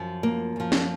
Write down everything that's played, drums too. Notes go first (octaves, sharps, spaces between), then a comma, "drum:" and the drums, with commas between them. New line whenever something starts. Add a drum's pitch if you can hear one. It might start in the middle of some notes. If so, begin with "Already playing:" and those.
Already playing: F#2 F3
A#3
F#2 F3
drum: snare